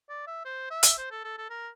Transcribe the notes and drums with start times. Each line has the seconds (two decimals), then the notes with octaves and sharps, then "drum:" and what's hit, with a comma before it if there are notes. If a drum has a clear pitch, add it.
0.09 D5
0.27 E5
0.45 C5
0.71 E5
0.83 drum: hi-hat
0.98 C5
1.11 A4
1.25 A4
1.38 A4
1.50 A#4